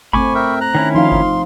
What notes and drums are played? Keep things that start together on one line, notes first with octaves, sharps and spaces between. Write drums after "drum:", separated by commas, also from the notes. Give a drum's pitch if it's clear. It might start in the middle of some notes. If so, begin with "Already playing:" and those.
A3 C4 G#5 B5 C#6 D6, drum: kick G1
A#4 E5 G5
A#5 F#6
D#3 C#4 E4
F3 D#4 F5 C6
drum: kick G1